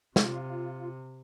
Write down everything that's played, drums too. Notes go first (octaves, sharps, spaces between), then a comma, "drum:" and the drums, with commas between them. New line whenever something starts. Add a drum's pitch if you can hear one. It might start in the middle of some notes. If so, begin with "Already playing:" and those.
C3 F4, drum: snare